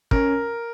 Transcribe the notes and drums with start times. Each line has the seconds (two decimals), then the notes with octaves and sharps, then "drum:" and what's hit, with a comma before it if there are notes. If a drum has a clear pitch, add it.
0.11 C#4 A#4, drum: kick